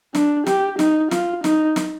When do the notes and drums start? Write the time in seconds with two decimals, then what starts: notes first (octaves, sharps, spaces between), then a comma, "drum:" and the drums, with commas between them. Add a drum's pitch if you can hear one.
0.15 D4, drum: snare
0.46 G4, drum: snare
0.79 D#4, drum: snare
1.11 F4, drum: snare
1.44 D#4, drum: snare
1.76 drum: snare